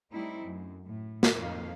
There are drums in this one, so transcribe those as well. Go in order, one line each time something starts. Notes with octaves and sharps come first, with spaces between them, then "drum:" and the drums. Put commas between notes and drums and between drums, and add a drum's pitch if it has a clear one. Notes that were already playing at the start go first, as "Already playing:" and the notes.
G3 A3 C4 D#4 E4
F#2
A2
drum: snare
F2 D#4 F5